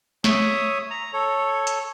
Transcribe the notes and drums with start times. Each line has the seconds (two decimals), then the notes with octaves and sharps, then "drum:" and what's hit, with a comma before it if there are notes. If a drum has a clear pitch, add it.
0.24 C#5 E5 D#6, drum: snare
0.90 A#5
1.13 A4 C#5
1.67 drum: hi-hat